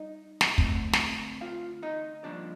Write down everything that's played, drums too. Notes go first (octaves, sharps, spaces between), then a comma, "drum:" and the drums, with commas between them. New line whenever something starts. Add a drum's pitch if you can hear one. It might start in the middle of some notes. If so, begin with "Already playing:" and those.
Already playing: G3 D#4 D#5
drum: snare
D3 A3 C4, drum: kick
drum: snare
F4 F5
D#4 D#5
G2 F3 A#3 D4 D5